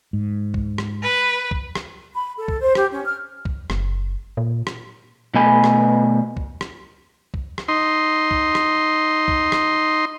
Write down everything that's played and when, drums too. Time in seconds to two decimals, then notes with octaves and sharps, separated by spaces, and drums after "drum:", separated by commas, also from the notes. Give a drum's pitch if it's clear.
0.13 G#2
0.54 drum: kick
0.78 drum: rim click
1.03 B4
1.51 drum: kick
1.75 drum: rim click
2.14 B5
2.37 A4
2.48 drum: kick
2.62 C5
2.75 G4, drum: rim click
2.91 C#4
3.05 F6
3.45 drum: kick
3.70 F#1, drum: rim click
4.37 A#2
4.67 drum: rim click
5.34 B2 A3 D#5 G#5 B5
5.64 drum: rim click
6.37 drum: kick
6.61 drum: rim click
7.34 drum: kick
7.58 drum: rim click
7.68 D#4 C6
8.31 drum: kick
8.55 drum: rim click
9.28 drum: kick
9.52 drum: rim click